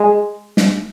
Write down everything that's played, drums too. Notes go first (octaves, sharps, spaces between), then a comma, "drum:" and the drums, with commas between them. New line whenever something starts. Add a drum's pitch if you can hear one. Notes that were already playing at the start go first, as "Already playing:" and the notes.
Already playing: G#3
drum: snare